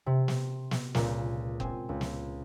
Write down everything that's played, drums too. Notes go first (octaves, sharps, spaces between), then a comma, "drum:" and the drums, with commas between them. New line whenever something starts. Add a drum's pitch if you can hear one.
C3
drum: snare
drum: snare
C#2 A#2, drum: snare
C4 G#5, drum: kick F#1
C#2
drum: snare